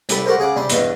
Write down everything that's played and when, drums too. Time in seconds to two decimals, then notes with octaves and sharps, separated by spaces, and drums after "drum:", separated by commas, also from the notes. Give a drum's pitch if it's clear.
0.09 C2 G4 A4 B5, drum: hi-hat
0.26 F#4 G4 A4 A#4 C5
0.38 C#3 G#4 F#5 D6
0.56 C3 G3 D4 C6
0.69 E2 G2 B2, drum: hi-hat